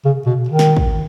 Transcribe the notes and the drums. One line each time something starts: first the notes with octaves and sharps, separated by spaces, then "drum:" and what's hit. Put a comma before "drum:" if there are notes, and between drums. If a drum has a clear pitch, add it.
C#3
B2
D#3
drum: snare
drum: kick